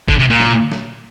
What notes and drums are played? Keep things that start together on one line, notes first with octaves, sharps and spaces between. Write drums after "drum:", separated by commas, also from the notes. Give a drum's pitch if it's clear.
D3, drum: kick
C3
A#2
drum: snare
drum: snare